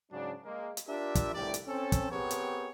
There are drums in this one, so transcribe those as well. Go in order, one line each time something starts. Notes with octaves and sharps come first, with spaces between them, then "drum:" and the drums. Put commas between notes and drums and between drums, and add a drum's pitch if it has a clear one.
G#2 C#3 F#3 D4
G#3 A#3
drum: hi-hat
D4 F4 G4 A#4 E5
drum: kick, hi-hat
G1 C2 A2 G4 D5
drum: hi-hat
C4 C#4 A4
drum: kick, hi-hat
B3 C4 G4 G#4 A#4 C#5
drum: hi-hat